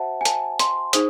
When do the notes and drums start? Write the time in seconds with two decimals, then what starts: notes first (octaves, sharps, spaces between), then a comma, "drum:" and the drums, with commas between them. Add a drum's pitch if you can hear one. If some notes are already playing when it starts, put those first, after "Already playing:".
Already playing: F#4 C5 E5 F#5 A5
0.21 G#5
0.25 A5, drum: hi-hat
0.59 C6, drum: hi-hat
0.93 D#4 G#4 C5 D#6, drum: hi-hat